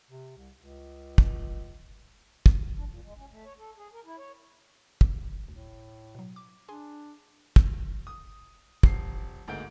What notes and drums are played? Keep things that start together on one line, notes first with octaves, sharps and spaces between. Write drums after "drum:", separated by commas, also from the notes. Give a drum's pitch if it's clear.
C3
C2
C#2
drum: kick
drum: kick
D4
A#2
G#3
C#4
A3
C#5
A4
G#4
A#4
E4
C#5
drum: kick
D2 A2
B2 F#3
D6
D4 G#4 G#5 C6
drum: kick
D#6
D#1 C7, drum: kick
D2 G#2 A#3 D#4 G6 D7